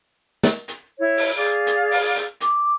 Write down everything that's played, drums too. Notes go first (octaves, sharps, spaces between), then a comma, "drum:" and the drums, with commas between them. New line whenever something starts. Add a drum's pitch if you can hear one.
drum: snare
drum: hi-hat
E4 C#5
drum: open hi-hat
G#4 D5 F5
drum: hi-hat
drum: open hi-hat
drum: hi-hat
D6, drum: hi-hat